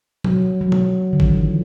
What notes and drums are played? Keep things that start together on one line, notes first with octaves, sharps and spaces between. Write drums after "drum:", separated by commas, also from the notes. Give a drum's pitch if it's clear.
F#3, drum: tom
F#3
drum: tom
D3
D#3, drum: kick
E3
F3